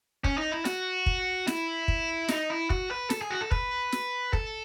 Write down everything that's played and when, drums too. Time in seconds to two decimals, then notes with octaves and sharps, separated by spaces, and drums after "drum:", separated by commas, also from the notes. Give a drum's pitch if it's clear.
0.24 C#4, drum: kick
0.38 D#4
0.52 E4
0.65 F#4, drum: snare
1.06 drum: kick
1.47 E4, drum: snare
1.88 drum: kick
2.28 D#4, drum: snare
2.50 E4
2.70 F#4, drum: kick
2.91 B4
3.10 A4, drum: snare
3.22 G#4
3.31 F#4
3.41 A4
3.51 B4, drum: kick
3.92 drum: snare
4.33 A4, drum: kick